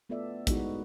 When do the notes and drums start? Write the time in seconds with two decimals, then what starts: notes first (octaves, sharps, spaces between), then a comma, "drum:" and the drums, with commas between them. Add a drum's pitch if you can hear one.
0.09 A3 B3 F4 A4 D5 E5
0.47 G#3 B3 D#4 E4 F#4, drum: kick, hi-hat